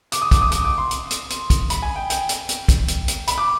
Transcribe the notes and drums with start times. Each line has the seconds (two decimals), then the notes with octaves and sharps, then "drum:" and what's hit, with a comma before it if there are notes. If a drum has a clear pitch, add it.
0.12 D6, drum: hi-hat
0.22 D#6
0.31 D6, drum: kick, hi-hat
0.41 D#6
0.52 D6, drum: hi-hat
0.65 D6
0.78 C6
0.91 drum: hi-hat
1.11 drum: hi-hat
1.30 drum: hi-hat
1.50 drum: kick, hi-hat
1.70 B5, drum: hi-hat
1.82 G#5
1.96 G5
2.10 G5, drum: hi-hat
2.29 drum: hi-hat
2.49 drum: hi-hat
2.69 drum: kick, hi-hat
2.88 drum: hi-hat
3.08 drum: hi-hat
3.28 B5, drum: hi-hat
3.38 D6